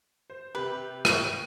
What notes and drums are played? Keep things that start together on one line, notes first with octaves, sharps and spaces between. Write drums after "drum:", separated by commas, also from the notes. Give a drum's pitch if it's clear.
C5
C3 G4 B4
G5 C#6, drum: rim click